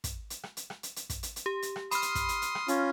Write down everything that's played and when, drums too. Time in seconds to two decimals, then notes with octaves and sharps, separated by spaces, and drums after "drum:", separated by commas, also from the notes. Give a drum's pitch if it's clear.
0.04 drum: kick, hi-hat
0.30 drum: hi-hat
0.43 drum: rim click
0.57 drum: hi-hat
0.70 drum: rim click
0.83 drum: hi-hat
0.96 drum: hi-hat
1.10 drum: kick, hi-hat
1.23 drum: hi-hat
1.36 drum: hi-hat
1.46 G4
1.62 drum: hi-hat
1.76 drum: rim click
1.91 B5 C6 D#6 F6, drum: hi-hat
2.02 drum: hi-hat
2.15 drum: kick, hi-hat
2.29 drum: hi-hat
2.42 drum: hi-hat
2.55 drum: rim click
2.68 C#4 F4, drum: hi-hat